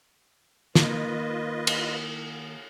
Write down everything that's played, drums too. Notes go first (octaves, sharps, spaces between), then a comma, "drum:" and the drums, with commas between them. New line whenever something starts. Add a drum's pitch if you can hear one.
D#3 A#3 F4 B4 D#5, drum: snare
drum: cymbal